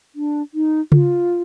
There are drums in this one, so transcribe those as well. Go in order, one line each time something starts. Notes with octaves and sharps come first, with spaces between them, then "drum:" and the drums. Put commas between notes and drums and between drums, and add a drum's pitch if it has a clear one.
D4
D#4
F4, drum: tom C#3